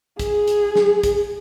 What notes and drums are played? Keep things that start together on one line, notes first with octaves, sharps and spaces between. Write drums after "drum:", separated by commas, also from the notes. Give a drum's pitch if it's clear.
G#4, drum: kick, hi-hat
drum: hi-hat
drum: snare
drum: kick, hi-hat